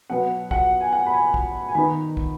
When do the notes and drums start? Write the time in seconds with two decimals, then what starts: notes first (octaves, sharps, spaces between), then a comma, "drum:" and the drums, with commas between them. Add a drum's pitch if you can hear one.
0.10 B2 F#3 B3 F#5
0.51 F#5, drum: kick
0.81 G#5
0.93 F#5
1.07 B5
1.13 G#5
1.34 drum: kick
1.69 G#5
1.75 D#3 B3 D#4 B5
2.17 drum: kick